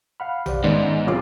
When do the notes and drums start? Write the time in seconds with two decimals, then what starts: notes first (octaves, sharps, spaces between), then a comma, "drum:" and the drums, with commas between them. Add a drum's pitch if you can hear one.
0.20 F5 F#5 B5 F6
0.46 G4 C5 D5, drum: tom A#1
0.64 G#2 D#3 B3 C#4 D5
1.07 C2 C#4 F4 G#4 C#5 D6